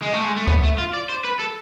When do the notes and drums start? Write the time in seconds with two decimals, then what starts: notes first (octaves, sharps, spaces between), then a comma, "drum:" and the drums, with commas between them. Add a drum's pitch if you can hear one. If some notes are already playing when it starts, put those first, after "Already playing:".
0.02 G#3
0.13 A3
0.24 G#3
0.36 A3
0.47 B3, drum: kick C#2
0.63 A3
0.78 F4
0.94 D5
1.09 C5
1.25 B4
1.40 A4